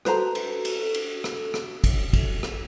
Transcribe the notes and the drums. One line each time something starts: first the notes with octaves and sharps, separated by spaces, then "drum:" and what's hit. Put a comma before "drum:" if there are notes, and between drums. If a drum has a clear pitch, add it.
F#4 A4 B4 C5 A#5, drum: rim click
drum: cymbal
drum: cymbal
drum: cymbal
drum: rim click
drum: rim click
drum: kick, cymbal
drum: kick, cymbal
drum: rim click